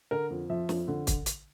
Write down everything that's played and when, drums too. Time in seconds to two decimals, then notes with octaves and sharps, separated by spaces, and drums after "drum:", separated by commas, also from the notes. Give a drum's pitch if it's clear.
0.11 D3 A#4
0.30 F2
0.50 F3 E5
0.69 F2, drum: snare
0.88 D3
1.07 drum: kick, hi-hat
1.26 drum: hi-hat